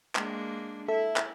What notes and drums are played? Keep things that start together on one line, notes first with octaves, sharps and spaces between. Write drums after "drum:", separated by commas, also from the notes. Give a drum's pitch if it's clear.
G#3 A#3 D4, drum: clap
E4 A4 E5
drum: clap